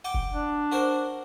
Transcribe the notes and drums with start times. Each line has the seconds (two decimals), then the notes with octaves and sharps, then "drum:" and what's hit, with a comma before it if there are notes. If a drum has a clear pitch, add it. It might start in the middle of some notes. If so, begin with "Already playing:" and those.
0.04 F#5 G5 D6
0.14 drum: kick F1
0.32 D4
0.72 F#4 A#4 C5